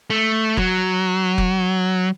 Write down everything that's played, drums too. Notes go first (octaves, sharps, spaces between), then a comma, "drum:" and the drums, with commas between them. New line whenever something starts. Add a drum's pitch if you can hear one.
A3
F#3, drum: kick F1
drum: kick F1